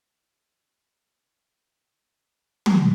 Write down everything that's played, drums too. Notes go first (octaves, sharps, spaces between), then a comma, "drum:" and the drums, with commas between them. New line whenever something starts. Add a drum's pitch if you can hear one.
C#4 G4 A#4 B4 F5
C4
D#5 F#5
drum: tom